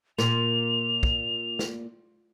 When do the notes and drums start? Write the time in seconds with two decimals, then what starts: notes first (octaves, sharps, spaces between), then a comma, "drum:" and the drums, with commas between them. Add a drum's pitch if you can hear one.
0.18 A#2 F7, drum: snare
1.03 drum: kick
1.59 drum: snare